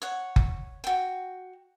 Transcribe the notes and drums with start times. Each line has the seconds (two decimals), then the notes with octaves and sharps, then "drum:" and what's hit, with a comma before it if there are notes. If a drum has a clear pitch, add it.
0.02 C#5 F#5
0.36 drum: kick F#1
0.84 F#4 G5